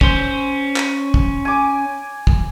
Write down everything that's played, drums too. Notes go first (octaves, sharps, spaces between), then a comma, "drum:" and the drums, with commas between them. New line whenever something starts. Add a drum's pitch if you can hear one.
C#4 C5, drum: kick
drum: clap
drum: kick
G#5 D6
drum: kick